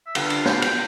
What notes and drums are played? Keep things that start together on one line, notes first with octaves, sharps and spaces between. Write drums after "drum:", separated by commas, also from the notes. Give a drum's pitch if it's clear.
E5
D3 G3 B3 D4 F4 F5, drum: cymbal
drum: cymbal
G5, drum: snare
F5
G5, drum: cymbal